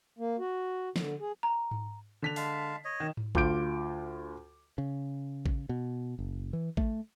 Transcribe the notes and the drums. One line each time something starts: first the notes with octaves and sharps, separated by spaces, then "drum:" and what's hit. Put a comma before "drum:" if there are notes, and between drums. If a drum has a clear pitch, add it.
A#3
F#4
D3, drum: snare
G#4
A#5
drum: tom G#2
D3 B6 F7
G#3 F5 A5, drum: open hi-hat
C#5 D#5
D#3
drum: tom G#2
D2 F4 D6 G6 D7, drum: kick A1
C#3
drum: kick A1
B2
F#1
E3
A3, drum: kick A1